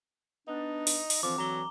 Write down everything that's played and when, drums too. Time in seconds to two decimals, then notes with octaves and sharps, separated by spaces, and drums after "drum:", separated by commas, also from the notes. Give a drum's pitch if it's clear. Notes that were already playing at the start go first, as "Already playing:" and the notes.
0.48 B3 D4 D#4
0.87 drum: open hi-hat
1.10 drum: open hi-hat
1.23 D3 E3 F3 C4 D6
1.38 F#3 A#5 G7